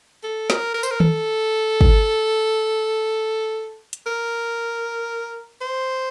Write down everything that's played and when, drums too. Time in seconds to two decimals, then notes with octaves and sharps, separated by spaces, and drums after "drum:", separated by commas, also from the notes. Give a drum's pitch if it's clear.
0.23 A4
0.50 A#4, drum: snare
0.74 A#4
0.83 C5, drum: tambourine
0.91 A#4
1.00 A4, drum: tom D#3
1.81 drum: kick
3.93 drum: hi-hat
4.07 A#4
5.61 C5